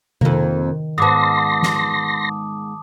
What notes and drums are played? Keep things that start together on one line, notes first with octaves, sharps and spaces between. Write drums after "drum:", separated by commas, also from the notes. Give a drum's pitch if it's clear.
F2 D#3 A#3, drum: tom C3
G#2 B3 A5 C6 D6 D#6 A#6
drum: snare